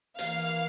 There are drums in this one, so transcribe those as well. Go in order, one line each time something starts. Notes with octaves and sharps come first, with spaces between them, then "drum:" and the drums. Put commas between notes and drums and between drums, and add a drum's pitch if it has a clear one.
E3 A#3 F5, drum: hi-hat